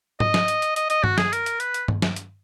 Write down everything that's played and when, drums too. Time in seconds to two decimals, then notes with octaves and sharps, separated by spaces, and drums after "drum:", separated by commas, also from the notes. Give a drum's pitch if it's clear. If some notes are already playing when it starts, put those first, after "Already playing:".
0.20 D#5, drum: tom G#2
0.34 drum: snare
0.48 drum: hi-hat
0.62 drum: hi-hat
0.76 D#5, drum: hi-hat
0.90 D#5, drum: hi-hat
1.04 F#4, drum: tom G2
1.18 G#4, drum: snare
1.33 A#4, drum: hi-hat
1.46 drum: hi-hat
1.60 B4, drum: hi-hat
1.74 drum: hi-hat
1.88 drum: tom G2
2.02 drum: snare
2.16 drum: hi-hat